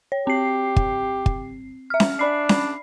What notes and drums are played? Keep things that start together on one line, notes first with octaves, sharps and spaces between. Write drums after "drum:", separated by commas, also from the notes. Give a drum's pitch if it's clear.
C#5
C4 G4 C7
drum: kick
drum: kick
E5 F6
drum: snare C#4
D4 D5 B5 C7
drum: snare C#4